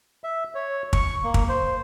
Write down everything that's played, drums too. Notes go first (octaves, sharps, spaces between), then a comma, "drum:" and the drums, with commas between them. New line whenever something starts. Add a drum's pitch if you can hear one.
E5
C#5
C#6, drum: kick
A#3
drum: kick
C5